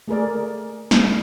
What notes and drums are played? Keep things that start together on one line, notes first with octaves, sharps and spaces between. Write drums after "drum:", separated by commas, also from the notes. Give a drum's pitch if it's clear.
A3 G#4 A#4 D5
drum: snare